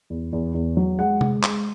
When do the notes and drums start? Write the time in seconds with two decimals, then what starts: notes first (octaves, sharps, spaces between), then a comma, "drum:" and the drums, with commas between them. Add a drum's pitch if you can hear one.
0.10 E2
0.33 E2
0.54 E2
0.77 F#3
0.99 G#3 F#5
1.21 G#3, drum: tom C3
1.43 G#3, drum: clap